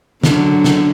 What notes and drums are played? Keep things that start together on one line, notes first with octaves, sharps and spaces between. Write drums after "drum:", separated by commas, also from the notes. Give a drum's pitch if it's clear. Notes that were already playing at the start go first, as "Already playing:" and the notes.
D3 F#3, drum: snare
drum: snare